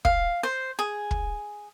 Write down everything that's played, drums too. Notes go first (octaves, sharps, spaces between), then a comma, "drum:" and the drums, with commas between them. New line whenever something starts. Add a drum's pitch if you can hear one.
F5, drum: kick
C5
G#4
drum: kick